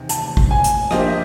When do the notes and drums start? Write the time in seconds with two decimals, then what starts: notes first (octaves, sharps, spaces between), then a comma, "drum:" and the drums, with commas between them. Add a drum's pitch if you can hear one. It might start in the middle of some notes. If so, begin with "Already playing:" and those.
Already playing: E2 C3 D#3
0.09 A5, drum: hi-hat
0.37 drum: kick
0.51 G#5
0.64 drum: hi-hat
0.91 F3 A#3 D4 G4 C5 D#5, drum: rim click
1.00 E5
1.09 D#5